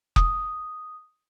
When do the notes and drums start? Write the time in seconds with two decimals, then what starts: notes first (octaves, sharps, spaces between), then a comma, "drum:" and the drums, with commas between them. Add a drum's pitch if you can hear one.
0.16 D#6, drum: kick F1